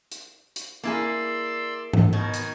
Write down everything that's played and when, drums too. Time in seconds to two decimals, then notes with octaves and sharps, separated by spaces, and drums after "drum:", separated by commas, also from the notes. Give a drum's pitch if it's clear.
0.12 drum: hi-hat
0.56 drum: hi-hat
0.83 A#3 E4 G#4 D5 C6 E6
1.93 drum: tom G#2
2.13 B2 D#3 G#6
2.34 drum: hi-hat